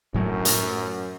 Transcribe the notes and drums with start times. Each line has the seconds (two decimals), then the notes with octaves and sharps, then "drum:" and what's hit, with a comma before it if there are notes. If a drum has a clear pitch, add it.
0.14 F#2 A2 F#3 A3
0.45 drum: hi-hat